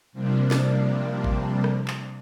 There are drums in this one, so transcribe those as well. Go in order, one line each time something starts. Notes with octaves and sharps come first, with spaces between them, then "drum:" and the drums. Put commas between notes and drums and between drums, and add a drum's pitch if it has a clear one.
C3 F3 G3 A#3 D4
drum: snare
drum: kick
drum: rim click
drum: clap